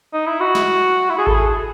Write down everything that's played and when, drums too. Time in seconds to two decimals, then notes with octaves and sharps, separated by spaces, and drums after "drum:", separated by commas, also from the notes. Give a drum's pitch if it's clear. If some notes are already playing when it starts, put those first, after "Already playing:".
0.13 D#4
0.27 E4
0.40 F#4
0.55 drum: snare
1.10 E4
1.18 G#4
1.27 A4, drum: kick G#1
1.35 G#4